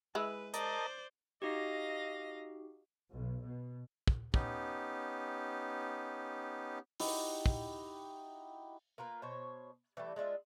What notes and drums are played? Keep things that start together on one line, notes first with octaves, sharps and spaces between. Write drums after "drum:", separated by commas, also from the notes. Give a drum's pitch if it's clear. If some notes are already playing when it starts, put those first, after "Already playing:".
G#3 E4 B4
A#4 C5 D5 D#5 A5, drum: hi-hat
D#4 F#4 G4 D#5 F5 A#6
B1
B2
drum: kick
B3 C#4 D#4 G4, drum: kick
D#4 E4 F#4 G4, drum: open hi-hat
drum: kick
A#3 F4 A#4 B4
B2 C5 C#5
E3 G3 A3
G#3 D4 F4 E5